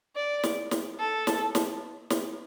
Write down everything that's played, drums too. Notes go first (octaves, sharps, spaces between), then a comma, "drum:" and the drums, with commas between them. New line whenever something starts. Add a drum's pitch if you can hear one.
D5
drum: snare
drum: snare
A4
drum: snare
drum: snare
drum: snare